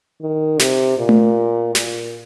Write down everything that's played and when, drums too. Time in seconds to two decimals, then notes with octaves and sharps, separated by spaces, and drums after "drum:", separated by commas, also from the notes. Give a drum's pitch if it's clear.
0.22 D#3
0.60 C3, drum: snare
0.97 A#2
1.09 drum: tom A3
1.75 A#2, drum: snare